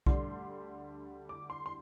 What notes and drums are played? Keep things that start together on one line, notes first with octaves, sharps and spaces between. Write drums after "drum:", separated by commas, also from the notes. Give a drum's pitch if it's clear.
D2 D3 G3 C6, drum: kick B1
D6
C6
C6